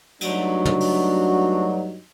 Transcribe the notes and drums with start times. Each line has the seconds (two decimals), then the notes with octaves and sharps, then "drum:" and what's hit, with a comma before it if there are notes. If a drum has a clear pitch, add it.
0.21 G2 F#3 A3 D4 D#4 F#4, drum: cymbal
0.65 drum: tom
0.81 drum: open hi-hat